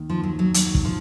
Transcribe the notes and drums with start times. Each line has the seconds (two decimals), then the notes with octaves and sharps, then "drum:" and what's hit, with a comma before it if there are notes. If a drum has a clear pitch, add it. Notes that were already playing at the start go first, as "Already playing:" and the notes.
Already playing: D#2 D#3
0.10 F3
0.24 F#3
0.39 F#3
0.54 F#3, drum: hi-hat
0.75 drum: kick
0.85 F3